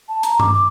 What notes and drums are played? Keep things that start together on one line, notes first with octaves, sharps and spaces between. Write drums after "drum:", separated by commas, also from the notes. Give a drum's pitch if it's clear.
A5
A#5, drum: hi-hat
D6, drum: tom G2
D6